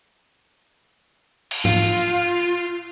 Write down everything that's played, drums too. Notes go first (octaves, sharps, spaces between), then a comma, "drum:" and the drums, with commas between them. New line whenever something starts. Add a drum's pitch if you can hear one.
drum: cymbal
F4, drum: tom G#2